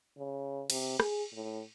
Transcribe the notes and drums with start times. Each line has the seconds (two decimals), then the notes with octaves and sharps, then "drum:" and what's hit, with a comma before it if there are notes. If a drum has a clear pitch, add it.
0.18 C#3
0.70 C3, drum: cymbal
1.00 G#4, drum: rim click
1.33 A2